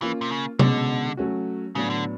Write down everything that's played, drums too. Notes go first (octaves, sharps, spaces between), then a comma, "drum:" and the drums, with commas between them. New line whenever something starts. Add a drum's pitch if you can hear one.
E3 A#3 C#4 F4
C3
C#3
B2 D3 G#3 C#4, drum: tom C3
F#3 A3 C#4 F#4
A2 C#3 F#3 B3 D4
D3